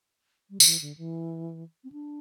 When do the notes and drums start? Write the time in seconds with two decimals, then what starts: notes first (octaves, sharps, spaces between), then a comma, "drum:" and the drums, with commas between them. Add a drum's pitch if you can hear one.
0.50 G3
0.60 D3, drum: tambourine
0.66 E3
0.82 D3
0.97 E3
1.84 C4
1.92 D4